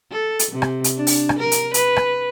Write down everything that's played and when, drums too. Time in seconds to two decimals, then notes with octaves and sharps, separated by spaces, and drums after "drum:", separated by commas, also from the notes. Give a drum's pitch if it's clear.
0.11 A4
0.39 drum: hi-hat
0.51 C3
0.62 drum: rim click
0.84 drum: hi-hat
0.96 D4
1.07 drum: open hi-hat
1.29 drum: rim click
1.39 A#4
1.52 drum: hi-hat
1.74 B4, drum: hi-hat
1.96 drum: rim click